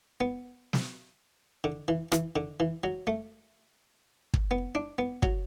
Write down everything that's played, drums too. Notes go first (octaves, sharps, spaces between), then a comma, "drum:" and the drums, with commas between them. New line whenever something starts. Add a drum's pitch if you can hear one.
B3
drum: snare
D3
E3
E3, drum: rim click
D3
E3
F#3
A3
drum: kick
B3
D4
B3
F#3, drum: kick